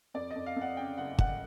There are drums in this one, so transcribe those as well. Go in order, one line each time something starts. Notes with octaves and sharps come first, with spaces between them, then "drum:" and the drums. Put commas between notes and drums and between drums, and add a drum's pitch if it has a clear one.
F2 D5
F2 D#5
F5
F2
F#5
C#3 G5
F#1 F#5
F#1 F#5, drum: kick